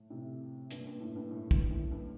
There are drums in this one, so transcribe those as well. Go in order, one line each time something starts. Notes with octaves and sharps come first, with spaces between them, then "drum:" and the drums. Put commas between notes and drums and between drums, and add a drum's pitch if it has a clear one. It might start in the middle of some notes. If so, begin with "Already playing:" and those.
Already playing: A2
A2 C3
G2 A#2, drum: hi-hat
G2 A#2
A2
G2
A2
G2, drum: kick
A2
G2 A#2